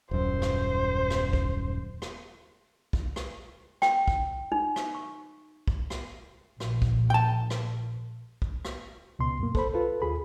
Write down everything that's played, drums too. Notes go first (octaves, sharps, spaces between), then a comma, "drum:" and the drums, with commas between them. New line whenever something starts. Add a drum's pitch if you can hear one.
D#1 F#2 C5
drum: rim click
drum: rim click
drum: kick
drum: rim click
drum: kick
drum: rim click
G5, drum: rim click
drum: kick
D#4
drum: rim click
C#6
drum: kick
drum: rim click
A#1, drum: rim click
drum: kick
G5 A5
drum: rim click
drum: kick
drum: rim click
C#2 B2 C6
F#2 A#3
A4 C5 B5, drum: kick
F4 A4 B4
D#2 G#4 B5